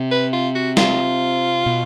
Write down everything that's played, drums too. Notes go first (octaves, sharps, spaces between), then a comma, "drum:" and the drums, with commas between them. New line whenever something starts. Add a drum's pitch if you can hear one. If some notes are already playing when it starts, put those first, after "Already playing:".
Already playing: C3
B4
F4
F#4
F4, drum: snare
B2